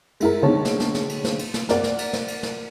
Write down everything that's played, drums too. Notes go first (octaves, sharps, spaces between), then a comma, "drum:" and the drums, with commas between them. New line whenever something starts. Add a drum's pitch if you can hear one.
G#3 E4 A#4, drum: cymbal
B1 D3 D#3 G#3 C#5 A5
drum: snare
drum: snare
drum: snare
drum: cymbal
drum: snare
drum: cymbal
drum: snare
A#4 D5 F#5, drum: snare
drum: snare
drum: cymbal
drum: snare
drum: cymbal
drum: snare